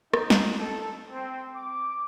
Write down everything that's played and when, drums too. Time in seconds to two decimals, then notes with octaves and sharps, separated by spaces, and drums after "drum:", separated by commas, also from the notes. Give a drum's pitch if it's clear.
0.14 D#4, drum: rim click
0.30 drum: snare
0.59 A4
1.10 C4
1.54 D6